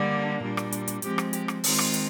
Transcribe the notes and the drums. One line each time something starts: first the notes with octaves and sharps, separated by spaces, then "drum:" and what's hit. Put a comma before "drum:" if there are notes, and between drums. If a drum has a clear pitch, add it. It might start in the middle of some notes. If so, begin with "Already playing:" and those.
Already playing: D3 G3 A#3 D4
A#2 G3 D4
drum: rim click
drum: hi-hat
drum: hi-hat
F3 G#3 C4 G4, drum: hi-hat
drum: rim click
G4, drum: hi-hat
drum: rim click
D#3 G#3 C4 F4, drum: open hi-hat
drum: rim click
drum: hi-hat